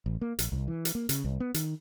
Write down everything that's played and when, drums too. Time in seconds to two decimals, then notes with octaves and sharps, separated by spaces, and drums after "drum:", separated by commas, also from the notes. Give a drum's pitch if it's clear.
0.06 A1
0.21 A#3
0.39 A#1, drum: hi-hat
0.52 C2
0.68 E3
0.85 drum: hi-hat
0.95 A#3
1.09 C#3, drum: hi-hat
1.24 C2
1.40 B3
1.54 D#3, drum: hi-hat